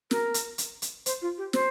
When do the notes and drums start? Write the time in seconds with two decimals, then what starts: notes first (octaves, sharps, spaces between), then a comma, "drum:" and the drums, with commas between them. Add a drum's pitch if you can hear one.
0.11 A#4, drum: snare
0.34 drum: hi-hat
0.58 drum: hi-hat
0.82 drum: hi-hat
1.06 C5, drum: hi-hat
1.22 F4
1.38 G4
1.53 C5, drum: snare